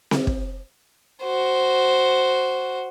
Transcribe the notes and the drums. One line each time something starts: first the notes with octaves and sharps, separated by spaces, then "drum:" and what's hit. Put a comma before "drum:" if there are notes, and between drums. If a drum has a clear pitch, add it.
drum: snare C4
drum: kick
F#4 C5